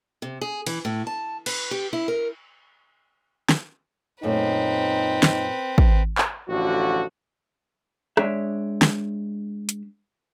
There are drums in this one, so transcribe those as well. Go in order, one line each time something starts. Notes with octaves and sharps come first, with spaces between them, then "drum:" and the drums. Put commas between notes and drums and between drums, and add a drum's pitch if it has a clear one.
C3
G#4
E3, drum: cymbal
A2
A5
B4, drum: cymbal
G4
E4
A#4
drum: snare
F#2 A#2 A3 C4 D#4 B4
drum: snare
drum: kick
drum: clap
A1 D3 F3 F#4
G#3 D4 C#5 E5, drum: rim click
drum: snare
drum: hi-hat